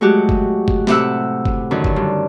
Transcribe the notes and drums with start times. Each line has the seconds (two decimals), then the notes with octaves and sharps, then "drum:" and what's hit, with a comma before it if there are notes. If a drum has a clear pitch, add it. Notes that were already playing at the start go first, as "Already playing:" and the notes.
0.01 F#3 G#3 A3 F#4 G4
0.29 drum: kick F#1
0.68 drum: kick F#1
0.87 A2 C3 G4 E5 F#5 E6, drum: snare
1.45 drum: kick F#1
1.71 F#2 D3 D#3 C#4
1.84 drum: kick F#1
1.96 G2